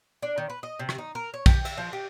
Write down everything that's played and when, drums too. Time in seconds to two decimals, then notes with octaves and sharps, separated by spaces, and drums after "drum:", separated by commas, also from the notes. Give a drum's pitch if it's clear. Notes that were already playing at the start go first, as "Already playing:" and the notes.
0.23 D4
0.38 D#3
0.50 B4
0.63 D#5
0.79 C3
0.89 drum: rim click
0.98 D#4
1.15 A#4
1.34 C#5
1.46 G4, drum: kick, cymbal
1.65 E5, drum: cymbal
1.78 F3
1.93 G4